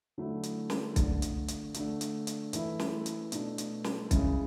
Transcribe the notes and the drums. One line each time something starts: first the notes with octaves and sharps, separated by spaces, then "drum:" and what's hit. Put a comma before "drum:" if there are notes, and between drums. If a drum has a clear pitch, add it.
D3 F#3 A3 E4
drum: hi-hat
drum: snare
D3 A3 D4, drum: kick B1, hi-hat
drum: hi-hat
drum: hi-hat
D3 A3 D4, drum: hi-hat
drum: hi-hat
drum: hi-hat
E3 A3 E4, drum: hi-hat
drum: snare
drum: hi-hat
B2 A3 D4, drum: hi-hat
drum: hi-hat
drum: snare
C#3 G#3 C#4 E4, drum: kick B1, hi-hat